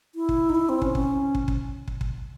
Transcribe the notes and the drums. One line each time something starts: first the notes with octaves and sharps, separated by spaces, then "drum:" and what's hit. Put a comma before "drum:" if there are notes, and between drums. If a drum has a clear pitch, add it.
E4
drum: kick
D#4
E4
C4
C#4, drum: kick
drum: kick
drum: kick
drum: kick
drum: kick
drum: kick